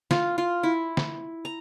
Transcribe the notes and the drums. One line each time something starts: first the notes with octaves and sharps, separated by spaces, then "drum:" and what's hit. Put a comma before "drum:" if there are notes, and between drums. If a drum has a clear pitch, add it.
F4, drum: snare
F4
E4
drum: snare
A#5